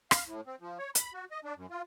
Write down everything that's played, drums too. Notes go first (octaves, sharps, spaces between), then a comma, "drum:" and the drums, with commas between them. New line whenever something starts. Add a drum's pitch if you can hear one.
F5, drum: rim click
A2
C4
F3
C#5
B5, drum: hi-hat
F#4
D#5
D4
F#2
F4